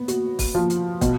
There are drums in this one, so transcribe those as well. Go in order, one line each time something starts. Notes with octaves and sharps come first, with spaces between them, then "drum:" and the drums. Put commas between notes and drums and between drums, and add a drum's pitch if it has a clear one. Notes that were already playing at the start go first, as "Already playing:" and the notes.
Already playing: B3
F#4, drum: hi-hat
drum: kick, open hi-hat
F3
drum: hi-hat
B2, drum: kick, hi-hat